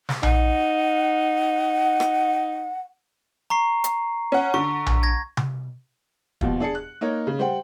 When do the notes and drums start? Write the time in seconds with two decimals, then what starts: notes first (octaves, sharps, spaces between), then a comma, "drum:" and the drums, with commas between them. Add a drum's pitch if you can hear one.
0.09 drum: snare
0.23 D#4 F#5, drum: tom A#1
2.00 drum: rim click
3.50 A#5 C#6 C7
3.84 drum: hi-hat
4.32 C#4 F#5
4.54 D3 C#6
4.86 drum: tom A#1
5.03 G#6 A#6
5.37 drum: tom C3
6.41 D#2 B2 F3, drum: kick
6.60 D4 G#4 A5 C#7
6.75 F#6
7.01 A#3 D#4 A#4 C#5
7.27 C#3
7.39 G3 C5 F#5 G5